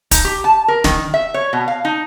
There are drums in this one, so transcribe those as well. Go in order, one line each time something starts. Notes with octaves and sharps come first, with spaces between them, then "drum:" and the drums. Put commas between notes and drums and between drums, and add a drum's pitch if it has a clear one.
D#4, drum: kick, hi-hat
G4
A5
A#4
D#3, drum: snare
E5
C#5
B2
F5
D#4